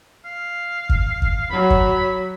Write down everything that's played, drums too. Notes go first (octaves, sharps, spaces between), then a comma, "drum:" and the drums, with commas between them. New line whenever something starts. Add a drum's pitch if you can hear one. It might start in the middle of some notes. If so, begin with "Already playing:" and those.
F5
drum: kick
drum: kick
F#3 B5
drum: kick